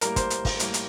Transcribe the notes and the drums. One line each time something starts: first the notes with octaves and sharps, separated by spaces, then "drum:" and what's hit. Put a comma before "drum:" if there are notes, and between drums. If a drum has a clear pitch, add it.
A2 G3 A#3 A#4, drum: hi-hat
C5, drum: kick, hi-hat
drum: hi-hat
drum: kick, open hi-hat
A2 G3 A#3, drum: hi-hat
drum: hi-hat